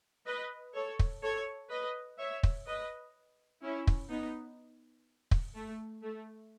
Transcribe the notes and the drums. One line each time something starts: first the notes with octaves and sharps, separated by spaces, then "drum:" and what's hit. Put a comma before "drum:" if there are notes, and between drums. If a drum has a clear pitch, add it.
B4 D#5
A4 C#5
drum: kick
A4 C#5
B4 D#5
C#5 E5
drum: kick
B4 D#5
C#4 E4
drum: kick
B3 D#4
drum: kick
A3
A3